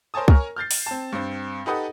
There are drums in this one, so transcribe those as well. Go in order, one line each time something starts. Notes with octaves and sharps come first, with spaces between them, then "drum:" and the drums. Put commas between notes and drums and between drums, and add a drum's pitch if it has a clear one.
A#4 C5 C#5 G#5 A5 D#6
A#4 C#5 G#5 A#5 C#6 F6, drum: kick C2
F6 G6 A6 C7
drum: open hi-hat
C4 A5
G2 C4
D#4 G4 A4 B4 F#5 D#6